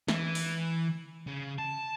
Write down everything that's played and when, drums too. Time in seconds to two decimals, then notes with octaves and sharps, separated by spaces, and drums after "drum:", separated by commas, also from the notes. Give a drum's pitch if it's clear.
0.08 E3, drum: snare
0.35 drum: open hi-hat
1.27 C#3
1.59 A5